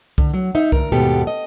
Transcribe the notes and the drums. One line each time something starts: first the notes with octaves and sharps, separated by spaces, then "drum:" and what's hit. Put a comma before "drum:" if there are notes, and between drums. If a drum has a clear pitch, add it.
D3, drum: kick C2
F#3
D#4 E5
D2 A#4, drum: kick C2
D#2 G#2 B2 B3 G4 A4
D#5